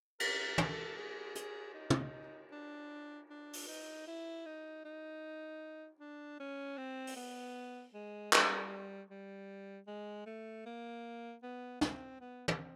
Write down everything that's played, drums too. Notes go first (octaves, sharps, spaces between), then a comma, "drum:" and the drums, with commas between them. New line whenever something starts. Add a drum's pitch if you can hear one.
A#4, drum: cymbal
A4, drum: tom
G#4
G#4, drum: hi-hat
D#4
drum: tom
D4
D4
drum: open hi-hat
D#4
E4
D#4
D#4
D4
C#4
C4
drum: open hi-hat
B3
G#3
G3, drum: clap
G3
G#3
A3
A#3
B3
C4, drum: snare
B3
B3, drum: tom
C4